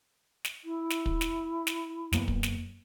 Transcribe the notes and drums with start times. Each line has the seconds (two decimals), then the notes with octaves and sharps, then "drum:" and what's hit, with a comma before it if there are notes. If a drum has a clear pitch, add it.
0.45 drum: snare
0.64 E4
0.90 drum: snare
1.06 drum: kick
1.21 drum: snare
1.67 drum: snare
2.13 F#2 A#3 B3, drum: snare
2.28 drum: kick
2.43 drum: snare